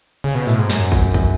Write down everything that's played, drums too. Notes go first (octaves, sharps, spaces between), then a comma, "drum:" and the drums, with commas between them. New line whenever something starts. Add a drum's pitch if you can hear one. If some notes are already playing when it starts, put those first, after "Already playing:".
C#3
B2
A2, drum: tambourine
G#2
F#2, drum: snare
drum: kick, tambourine
drum: kick, tambourine